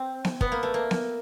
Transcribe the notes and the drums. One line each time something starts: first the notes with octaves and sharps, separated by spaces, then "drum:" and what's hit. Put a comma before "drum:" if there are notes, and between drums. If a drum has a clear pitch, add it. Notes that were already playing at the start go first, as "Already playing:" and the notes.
Already playing: C4
drum: snare B3
B3, drum: kick
A#3
A3
A#3
drum: snare B3